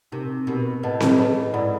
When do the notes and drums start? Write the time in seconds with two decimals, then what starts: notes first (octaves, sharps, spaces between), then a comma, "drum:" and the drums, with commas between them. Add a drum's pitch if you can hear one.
0.12 C3 D#4 G4 A#4
0.47 B2 D#4 G4 A#4
0.83 A2 B4 D#5 F#5 A5
1.00 drum: snare C4
1.18 A2 G#4 B4 D#5
1.54 G#2 E4 A4 D5 F#5 B5